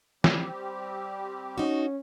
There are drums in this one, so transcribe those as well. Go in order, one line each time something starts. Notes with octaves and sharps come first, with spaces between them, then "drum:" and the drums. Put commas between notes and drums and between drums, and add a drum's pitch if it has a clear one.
G3 C4 G4, drum: snare
C#4 D#4 F#4